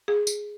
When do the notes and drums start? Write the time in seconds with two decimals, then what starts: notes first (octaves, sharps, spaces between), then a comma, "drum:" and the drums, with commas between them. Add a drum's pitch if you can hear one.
0.08 G#4
0.27 drum: tambourine